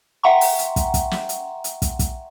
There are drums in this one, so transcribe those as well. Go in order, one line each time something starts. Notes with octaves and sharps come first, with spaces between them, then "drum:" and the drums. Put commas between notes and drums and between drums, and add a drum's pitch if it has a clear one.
E5 F#5 G5 A#5 C6 C#6
drum: open hi-hat
drum: hi-hat
drum: kick, hi-hat
drum: kick, hi-hat
drum: snare
drum: hi-hat
drum: hi-hat
drum: kick, hi-hat
drum: kick, hi-hat